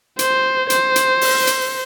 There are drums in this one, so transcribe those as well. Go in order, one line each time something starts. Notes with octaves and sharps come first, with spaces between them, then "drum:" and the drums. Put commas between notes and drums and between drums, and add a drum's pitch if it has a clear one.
C5, drum: hi-hat
C5, drum: hi-hat
drum: hi-hat
drum: open hi-hat
drum: hi-hat